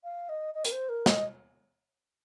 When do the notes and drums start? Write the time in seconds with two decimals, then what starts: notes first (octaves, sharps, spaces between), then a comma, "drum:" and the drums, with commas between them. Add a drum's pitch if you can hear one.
0.04 F5
0.29 D#5
0.54 D#5
0.65 A#4, drum: hi-hat
0.72 C5
0.89 A#4
1.06 D#5, drum: snare